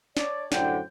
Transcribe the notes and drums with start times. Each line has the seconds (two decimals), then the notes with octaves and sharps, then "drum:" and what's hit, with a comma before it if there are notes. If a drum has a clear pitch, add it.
0.17 D4 C#5 D5, drum: snare
0.52 F#2 A2 D3 G3 C5 G5, drum: snare